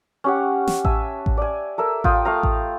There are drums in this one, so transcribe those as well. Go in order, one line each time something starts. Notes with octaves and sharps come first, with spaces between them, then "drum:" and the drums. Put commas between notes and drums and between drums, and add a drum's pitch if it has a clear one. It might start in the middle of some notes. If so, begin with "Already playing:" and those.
C#4 G4 F#5
drum: snare
E5 G#5 A5, drum: kick A1
drum: kick A1
D5 G#5
A4 A#4 E5
F4 G5 D#6, drum: kick A1
A3 F5 A#5
drum: kick A1